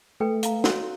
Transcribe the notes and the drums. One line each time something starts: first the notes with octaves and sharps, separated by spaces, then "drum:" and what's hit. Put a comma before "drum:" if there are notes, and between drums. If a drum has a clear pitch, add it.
A3 A4 B4 G5
F5 A#5, drum: hi-hat
F#4 C#5 C6, drum: snare